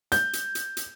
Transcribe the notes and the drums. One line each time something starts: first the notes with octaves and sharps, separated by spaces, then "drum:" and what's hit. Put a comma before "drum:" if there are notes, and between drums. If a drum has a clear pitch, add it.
G6, drum: hi-hat
drum: hi-hat
drum: hi-hat
drum: hi-hat